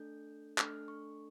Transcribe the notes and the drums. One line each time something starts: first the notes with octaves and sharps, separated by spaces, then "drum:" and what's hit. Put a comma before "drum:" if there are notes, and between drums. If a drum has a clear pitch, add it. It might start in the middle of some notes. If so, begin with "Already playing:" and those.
Already playing: A3 D4 A4 G6
A3 D4 A4 F6, drum: clap
C#6